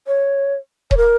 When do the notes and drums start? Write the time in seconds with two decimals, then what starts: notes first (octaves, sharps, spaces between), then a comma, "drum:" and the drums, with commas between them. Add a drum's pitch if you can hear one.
0.07 C#5
0.91 C#5, drum: kick D#1
0.97 A#4